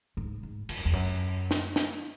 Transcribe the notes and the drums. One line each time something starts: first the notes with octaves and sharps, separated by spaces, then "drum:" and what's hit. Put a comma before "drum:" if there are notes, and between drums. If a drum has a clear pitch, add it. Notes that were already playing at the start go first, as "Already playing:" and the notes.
G#2
G#2
G#2, drum: cymbal
F#2
E2
F#2
drum: snare
drum: snare